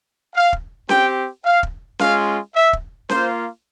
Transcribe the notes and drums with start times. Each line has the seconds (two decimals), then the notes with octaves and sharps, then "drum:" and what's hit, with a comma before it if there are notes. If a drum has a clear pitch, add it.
0.34 F5
0.53 drum: kick
0.89 C4 G4 G5, drum: snare C#4
1.44 F5
1.63 drum: kick
1.99 G#3 C#4 F4 F5, drum: snare C#4
2.55 E5
2.73 drum: kick
3.09 A#3 F4 C5, drum: snare C#4